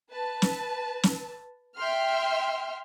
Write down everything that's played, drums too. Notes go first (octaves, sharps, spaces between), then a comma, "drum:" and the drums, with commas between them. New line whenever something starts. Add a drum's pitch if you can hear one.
B4 A5
drum: snare
drum: snare
E5 G5 C6 F6